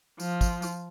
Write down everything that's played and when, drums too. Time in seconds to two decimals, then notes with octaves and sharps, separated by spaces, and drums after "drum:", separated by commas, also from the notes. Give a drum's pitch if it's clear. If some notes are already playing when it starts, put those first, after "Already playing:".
0.20 F3, drum: tambourine
0.41 drum: kick, tambourine
0.62 drum: tambourine